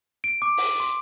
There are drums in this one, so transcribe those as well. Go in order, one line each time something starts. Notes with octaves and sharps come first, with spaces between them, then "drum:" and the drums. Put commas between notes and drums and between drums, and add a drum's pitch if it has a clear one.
D7
D6
drum: open hi-hat
C6